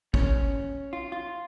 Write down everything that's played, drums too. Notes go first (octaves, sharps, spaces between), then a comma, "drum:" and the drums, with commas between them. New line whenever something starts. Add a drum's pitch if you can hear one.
C#4, drum: kick
F4
F4